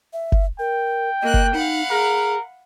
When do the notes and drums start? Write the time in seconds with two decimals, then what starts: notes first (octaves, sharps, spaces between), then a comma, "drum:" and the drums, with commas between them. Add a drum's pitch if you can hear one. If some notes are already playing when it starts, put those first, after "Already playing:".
0.13 E5
0.32 drum: kick F#1
0.59 A#4 G5
1.22 A#3 D#5 F#6
1.34 drum: kick F#1
1.53 D#4 F5 F#5 B5
1.90 G#4 A#4